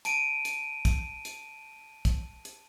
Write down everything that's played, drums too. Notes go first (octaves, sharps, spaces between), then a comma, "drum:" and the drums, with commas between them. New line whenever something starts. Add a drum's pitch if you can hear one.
A5 D7 D#7, drum: hi-hat
drum: hi-hat
drum: kick, hi-hat
drum: hi-hat
drum: kick, hi-hat
drum: hi-hat